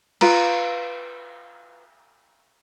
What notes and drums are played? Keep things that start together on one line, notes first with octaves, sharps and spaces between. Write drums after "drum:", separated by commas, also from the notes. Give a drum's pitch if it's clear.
F4 B4 A#5, drum: cymbal